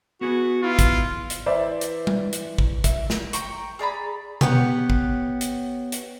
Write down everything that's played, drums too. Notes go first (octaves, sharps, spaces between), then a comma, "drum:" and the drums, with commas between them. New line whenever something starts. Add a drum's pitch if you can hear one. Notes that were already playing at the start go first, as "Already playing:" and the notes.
B3 F#4 G#4 B4
E4 F4
drum: kick, hi-hat
drum: hi-hat
E3 C5 D5 E5
drum: hi-hat
drum: tom G3
drum: hi-hat
drum: kick
E5, drum: kick, hi-hat
drum: snare
G5 A#5 C#6, drum: hi-hat
G#4 D5 A#5 B5
B3 G4 C#5 F#5, drum: tom B2
drum: kick
drum: hi-hat
drum: hi-hat